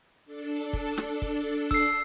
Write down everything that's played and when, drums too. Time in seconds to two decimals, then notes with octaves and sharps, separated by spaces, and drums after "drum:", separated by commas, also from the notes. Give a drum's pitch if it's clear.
0.25 D4 A4
0.73 drum: kick
0.98 drum: snare
1.22 drum: kick
1.71 E6 C7, drum: kick